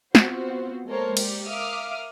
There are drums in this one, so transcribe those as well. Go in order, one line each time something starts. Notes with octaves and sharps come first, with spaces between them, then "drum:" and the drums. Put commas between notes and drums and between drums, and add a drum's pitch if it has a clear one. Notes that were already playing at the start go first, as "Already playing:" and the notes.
B3 C4 F4 F#4 C5, drum: snare
G#3 A#3 A4 A#4 C5 C#5
G4 D5, drum: cymbal
A#4 E5 F5 D6 D#6 F6